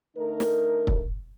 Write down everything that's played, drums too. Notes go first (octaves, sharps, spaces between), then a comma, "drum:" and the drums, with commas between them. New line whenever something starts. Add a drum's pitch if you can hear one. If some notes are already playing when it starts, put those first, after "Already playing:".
D3 A3 D#4 A#4
drum: snare
drum: kick